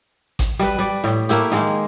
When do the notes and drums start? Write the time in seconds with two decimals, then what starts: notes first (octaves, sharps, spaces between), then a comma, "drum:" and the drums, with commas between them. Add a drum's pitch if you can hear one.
0.39 drum: kick G#1, hi-hat
0.59 G3 B4, drum: rim click
0.78 G3 D5
1.04 A2, drum: rim click
1.29 A3 A#3 E4 G4, drum: hi-hat
1.52 D#3 G#3 A#3, drum: rim click